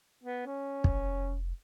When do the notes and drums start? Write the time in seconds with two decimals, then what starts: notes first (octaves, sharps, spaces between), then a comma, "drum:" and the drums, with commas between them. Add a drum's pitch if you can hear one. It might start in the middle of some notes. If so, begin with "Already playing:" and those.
0.23 B3
0.46 C#4
0.84 F1, drum: kick